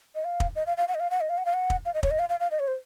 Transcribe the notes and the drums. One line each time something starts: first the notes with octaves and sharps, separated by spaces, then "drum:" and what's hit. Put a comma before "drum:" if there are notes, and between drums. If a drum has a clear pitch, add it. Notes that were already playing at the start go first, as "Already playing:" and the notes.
D#5
F5
drum: kick
D#5
F5
F5
F#5
D#5
F5
F#5
D#5
F5
F#5
F5
F#5
drum: kick
F5
D#5
C#5, drum: kick
D#5
F5
F5
F5
D#5
C#5
C5